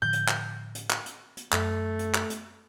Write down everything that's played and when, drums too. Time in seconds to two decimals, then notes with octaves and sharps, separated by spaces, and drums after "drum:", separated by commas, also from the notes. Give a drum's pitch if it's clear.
0.02 A2 D3 F3 G6
0.13 drum: hi-hat
0.28 drum: clap
0.75 drum: hi-hat
0.90 drum: clap
1.06 drum: hi-hat
1.37 drum: hi-hat
1.52 F#2 A3, drum: clap
1.99 drum: hi-hat
2.14 drum: clap
2.30 drum: hi-hat